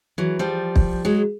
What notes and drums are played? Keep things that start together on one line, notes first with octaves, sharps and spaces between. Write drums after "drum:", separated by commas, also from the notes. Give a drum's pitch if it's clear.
E3 F#3
F3 G3
drum: kick
F#3 G#3